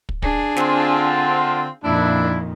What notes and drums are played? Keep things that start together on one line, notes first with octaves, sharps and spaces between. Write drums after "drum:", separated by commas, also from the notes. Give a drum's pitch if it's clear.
drum: kick
D4 G#4, drum: kick
D3 C4 F4, drum: snare
F2 A#2 D#3 D4 E4